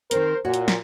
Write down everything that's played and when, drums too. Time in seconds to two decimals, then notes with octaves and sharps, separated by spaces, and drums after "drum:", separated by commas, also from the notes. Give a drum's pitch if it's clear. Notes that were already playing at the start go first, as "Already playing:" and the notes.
0.11 D#3 C4 A#4 C5, drum: hi-hat
0.45 A#2 F#4 C#5
0.54 drum: hi-hat
0.68 drum: snare